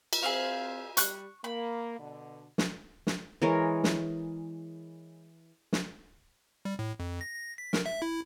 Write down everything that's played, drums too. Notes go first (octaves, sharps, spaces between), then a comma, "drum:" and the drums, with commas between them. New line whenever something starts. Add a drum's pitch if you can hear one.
drum: cymbal
C4 G#4 C5 E5 F5
G3 C#6 F#6, drum: hi-hat
A#3 B5
B2 D3
drum: snare
drum: snare
E3 G#3 A#4 C#5
drum: snare
drum: snare
G3
A2
F2
A#6
A#6
B6
A#4, drum: snare
E5
E4